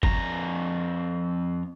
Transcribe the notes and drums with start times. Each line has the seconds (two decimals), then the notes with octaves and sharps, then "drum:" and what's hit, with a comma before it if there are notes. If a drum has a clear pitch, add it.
0.03 F2 A#5, drum: kick G1